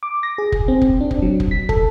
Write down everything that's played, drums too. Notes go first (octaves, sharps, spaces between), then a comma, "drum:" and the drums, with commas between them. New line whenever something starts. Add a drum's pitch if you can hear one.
D6
A#6
G#4
drum: kick
C4
drum: kick
D4
drum: kick
F#3
drum: kick
B6
A4, drum: kick